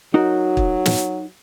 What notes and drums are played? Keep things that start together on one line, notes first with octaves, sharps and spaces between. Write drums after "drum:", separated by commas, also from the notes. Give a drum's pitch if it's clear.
F#3 D#4 F#4 A#4
drum: kick
drum: snare